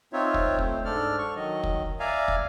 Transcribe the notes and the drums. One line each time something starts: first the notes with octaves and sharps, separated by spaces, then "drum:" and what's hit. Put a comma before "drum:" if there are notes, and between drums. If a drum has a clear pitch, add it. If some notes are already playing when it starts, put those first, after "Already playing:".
C4 D#4 F4 C#5 E5
drum: kick
A3 C5, drum: kick
G#2 D4 A4 D5 F6
C#6
D#3 F#3 D#5
drum: kick
D5 E5 F5 G#5 A#5
drum: kick